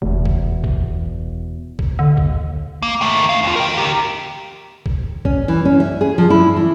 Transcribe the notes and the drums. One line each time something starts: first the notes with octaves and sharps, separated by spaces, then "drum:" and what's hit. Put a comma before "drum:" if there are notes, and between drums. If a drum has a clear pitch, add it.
F1 E2 B2
drum: kick
drum: kick
drum: kick
D#2 D3
drum: kick
A#3
D#3 A3
D4 F5
D#2 F4
A#4 G5
G4 A#4
drum: kick
C#4, drum: kick
E3
C#4
E5
G#4
F3
E4
E3